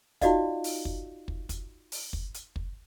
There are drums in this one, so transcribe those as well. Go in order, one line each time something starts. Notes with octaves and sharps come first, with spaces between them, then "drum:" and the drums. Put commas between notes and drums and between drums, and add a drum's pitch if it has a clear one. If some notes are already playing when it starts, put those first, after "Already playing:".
D#4 F4 F#4 D5 D#5 F5, drum: kick, hi-hat
drum: open hi-hat
drum: kick
drum: kick
drum: kick, hi-hat
drum: open hi-hat
drum: kick
drum: hi-hat
drum: kick